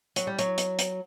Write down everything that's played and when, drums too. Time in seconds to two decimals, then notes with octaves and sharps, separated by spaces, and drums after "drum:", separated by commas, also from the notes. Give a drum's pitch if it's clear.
0.16 F#3, drum: hi-hat
0.27 G3
0.39 F#3, drum: hi-hat
0.58 drum: hi-hat
0.79 drum: hi-hat